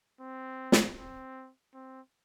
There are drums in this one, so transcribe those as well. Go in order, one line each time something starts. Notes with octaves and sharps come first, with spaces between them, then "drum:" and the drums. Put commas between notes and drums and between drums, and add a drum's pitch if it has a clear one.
C4
drum: snare
C4
C4